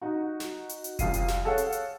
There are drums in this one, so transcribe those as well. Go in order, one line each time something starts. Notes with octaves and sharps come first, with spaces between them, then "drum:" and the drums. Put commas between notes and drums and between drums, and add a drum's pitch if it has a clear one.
D#4 F#4
drum: snare
drum: hi-hat
drum: hi-hat
C2 F2 F5 C7 D#7, drum: kick F1, hi-hat
drum: hi-hat
drum: snare
G#4 A4 C#5 F5 F#5
drum: hi-hat
drum: hi-hat